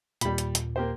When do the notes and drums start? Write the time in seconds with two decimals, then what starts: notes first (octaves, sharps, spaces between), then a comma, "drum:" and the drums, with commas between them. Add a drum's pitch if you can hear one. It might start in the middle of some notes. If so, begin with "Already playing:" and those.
0.21 D#2 A#2 G3 B5, drum: hi-hat
0.38 drum: hi-hat
0.55 drum: hi-hat
0.76 A#3 G4 C5